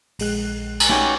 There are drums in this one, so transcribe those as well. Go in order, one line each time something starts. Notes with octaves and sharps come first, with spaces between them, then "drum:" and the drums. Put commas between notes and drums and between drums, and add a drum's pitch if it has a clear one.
A#1 G#3 F#6, drum: open hi-hat
drum: cymbal
A3 C#4 D#4 F#4 G4 G#5